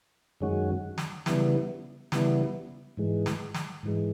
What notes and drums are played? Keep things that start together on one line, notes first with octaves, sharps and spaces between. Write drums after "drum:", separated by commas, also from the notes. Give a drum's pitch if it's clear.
F#2 D#3 G#3 C#4 F#4
drum: snare
C#3 E3 G3 B3 E4, drum: snare
C#3 E3 G3 B3 E4, drum: snare
G#2 E3 G#3
drum: snare
drum: snare
G#2 E3 G#3